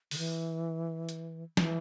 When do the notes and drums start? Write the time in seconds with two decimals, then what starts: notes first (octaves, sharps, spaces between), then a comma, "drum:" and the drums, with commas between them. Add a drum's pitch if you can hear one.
0.11 D3, drum: open hi-hat
0.18 E3
1.09 drum: hi-hat
1.57 E3, drum: snare